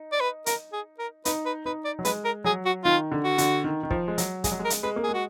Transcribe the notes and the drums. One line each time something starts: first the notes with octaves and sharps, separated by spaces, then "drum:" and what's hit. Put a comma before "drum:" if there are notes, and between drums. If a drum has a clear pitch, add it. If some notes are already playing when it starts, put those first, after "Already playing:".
Already playing: D#4
D5
B4
A#4, drum: hi-hat
G#4
A#4
D#4 B4, drum: hi-hat
B4
D#4 B4
D5
F#3
G#3 B4, drum: hi-hat
A#4
F#3 G#4
F#4
D#3 F4
D3
F#4
D3, drum: hi-hat
D#3
D#3
F3, drum: kick
G#3
F#3, drum: hi-hat
G#3 G#4, drum: kick, hi-hat
F#3
G#3 A#4
drum: hi-hat
G#3 B4
A#3
G#4
G#3
F#4